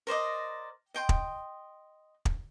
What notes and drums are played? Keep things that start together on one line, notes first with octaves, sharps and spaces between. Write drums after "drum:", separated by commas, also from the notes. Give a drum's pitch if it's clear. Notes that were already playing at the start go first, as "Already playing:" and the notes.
A#4 C5 D5 D#5
D#5 G5 C6
drum: kick
drum: kick